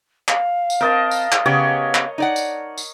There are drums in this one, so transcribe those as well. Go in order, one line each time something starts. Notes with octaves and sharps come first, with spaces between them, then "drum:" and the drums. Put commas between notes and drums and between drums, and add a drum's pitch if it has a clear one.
F5, drum: clap
drum: tambourine
C4 A#4 D#5 A5
drum: tambourine
drum: clap
C#3 B3 G4 C#5 D#5
drum: clap
D#4 D5 F#5
drum: tambourine
drum: tambourine